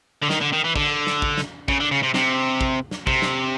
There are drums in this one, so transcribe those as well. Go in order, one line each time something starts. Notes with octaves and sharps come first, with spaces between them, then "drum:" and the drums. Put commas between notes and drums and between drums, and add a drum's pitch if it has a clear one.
D3
D#3, drum: snare
D3
D#3
E3
D3, drum: kick
drum: snare
drum: kick
drum: snare
C#3, drum: kick
D3
C#3
C3
C3, drum: snare
drum: kick
drum: snare
C3, drum: kick
drum: snare